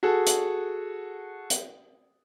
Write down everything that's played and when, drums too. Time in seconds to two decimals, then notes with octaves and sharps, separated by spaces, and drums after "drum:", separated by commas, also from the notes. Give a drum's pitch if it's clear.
0.03 F#4 G#4 A4
0.27 drum: hi-hat
1.50 drum: hi-hat